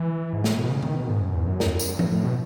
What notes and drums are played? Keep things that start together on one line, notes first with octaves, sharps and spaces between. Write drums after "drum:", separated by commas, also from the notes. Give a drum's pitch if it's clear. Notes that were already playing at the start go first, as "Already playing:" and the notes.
Already playing: E3
G#2
A2, drum: snare
B2
C#3
D#3, drum: tom D#3
B2
G#2
F#2
E2
F#2
drum: snare
drum: tambourine
A2, drum: tom
A2
B2